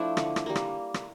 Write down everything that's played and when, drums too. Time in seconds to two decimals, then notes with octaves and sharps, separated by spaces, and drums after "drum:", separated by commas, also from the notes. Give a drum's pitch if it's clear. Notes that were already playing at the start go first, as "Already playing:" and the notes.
Already playing: F3 A3 D4 E4
0.17 D3, drum: rim click
0.36 drum: rim click
0.46 G3 A#3
0.55 drum: rim click
0.94 drum: rim click